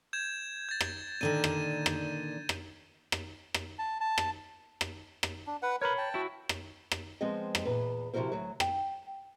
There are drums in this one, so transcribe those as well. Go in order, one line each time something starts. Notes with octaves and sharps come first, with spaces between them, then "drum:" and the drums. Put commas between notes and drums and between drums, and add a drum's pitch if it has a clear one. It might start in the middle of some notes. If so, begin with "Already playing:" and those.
G6 G#6 E7
G6 A6
drum: rim click
A#2 D3 D#3 D#7
drum: rim click
drum: rim click
drum: rim click
drum: rim click
drum: rim click
A5
A5
drum: rim click
drum: rim click
drum: rim click
D4
B4 F#5
A#4 B4 C#5 B5
G5 A5
E4 F#4
drum: rim click
drum: rim click
F3 G#3 B3 C4 D#5
drum: rim click
E2 A#2 B4
C3 F3 E4 F#4 A#4 C5
D2 F#3
G5, drum: rim click